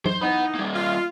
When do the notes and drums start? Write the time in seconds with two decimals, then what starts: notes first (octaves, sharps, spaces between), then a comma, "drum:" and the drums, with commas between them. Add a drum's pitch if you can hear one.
0.06 C5, drum: tom F#3
0.21 E3 B3 D#4 F#5 B5
0.55 G3 A#3
0.75 F4